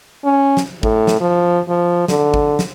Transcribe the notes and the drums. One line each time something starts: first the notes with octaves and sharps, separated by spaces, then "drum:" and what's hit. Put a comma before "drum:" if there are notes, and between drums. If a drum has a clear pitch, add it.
C#4
drum: snare
A2, drum: kick G#1
drum: snare
F3
F3
D3, drum: snare
drum: kick G#1
drum: snare